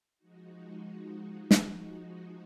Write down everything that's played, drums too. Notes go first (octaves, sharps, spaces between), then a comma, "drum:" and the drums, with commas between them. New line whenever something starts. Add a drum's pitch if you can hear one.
F3 G#3 D#4 F#4
drum: snare